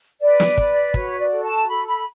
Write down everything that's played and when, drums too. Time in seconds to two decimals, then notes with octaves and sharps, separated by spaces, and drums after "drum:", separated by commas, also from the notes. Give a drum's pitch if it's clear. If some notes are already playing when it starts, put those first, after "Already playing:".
0.21 B4 D5
0.40 drum: snare
0.58 B4, drum: kick
0.94 F#4 C#5, drum: kick
1.19 D5
1.31 A4
1.43 A5
1.68 A4 B5
1.86 B5